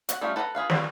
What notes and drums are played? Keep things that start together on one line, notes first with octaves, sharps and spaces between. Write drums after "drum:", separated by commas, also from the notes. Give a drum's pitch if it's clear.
F#4 F#5, drum: hi-hat
G3 A3 C#4 D#4 F4
A4 B4 F#5 A5 A#5
F4 G#4 B4 F5
G3 F4 F#4, drum: snare